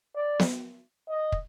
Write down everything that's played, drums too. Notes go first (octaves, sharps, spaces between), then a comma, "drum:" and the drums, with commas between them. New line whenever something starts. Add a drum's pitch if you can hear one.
D5
drum: snare B3
D#5
drum: kick